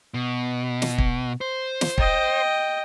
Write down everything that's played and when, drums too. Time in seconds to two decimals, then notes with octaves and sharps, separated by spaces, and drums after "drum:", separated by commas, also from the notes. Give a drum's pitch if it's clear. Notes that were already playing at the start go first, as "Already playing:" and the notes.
0.14 B2
0.82 drum: snare
0.98 drum: kick
1.41 C5
1.81 drum: snare
1.98 D#5 G5, drum: kick